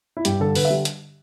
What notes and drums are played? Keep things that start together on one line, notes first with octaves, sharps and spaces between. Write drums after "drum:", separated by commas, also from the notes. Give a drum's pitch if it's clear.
E4
G2 G4, drum: hi-hat
D3 A4
D3 B4, drum: open hi-hat
E5
G3
drum: hi-hat